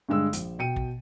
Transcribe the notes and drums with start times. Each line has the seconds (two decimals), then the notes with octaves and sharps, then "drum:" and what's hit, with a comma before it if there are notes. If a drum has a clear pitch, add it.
0.09 G2 D3 G#3 E6
0.33 A#1, drum: hi-hat
0.59 B2 G5 C#7 D#7
0.76 drum: kick